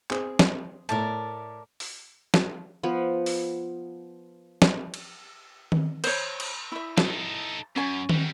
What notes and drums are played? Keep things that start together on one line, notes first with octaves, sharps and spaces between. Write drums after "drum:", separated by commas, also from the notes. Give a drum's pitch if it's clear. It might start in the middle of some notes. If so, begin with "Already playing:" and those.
C4 G#4, drum: clap
drum: snare
A2 A3 A#4 D5 A5
drum: open hi-hat
drum: snare
F3 B3
drum: open hi-hat
drum: snare
drum: cymbal
drum: tom D#3
C5 C#5, drum: cymbal
drum: cymbal
E4 E5
D#4 A4, drum: snare
F#2 C#4 G#5
F#3 G3, drum: tom D#3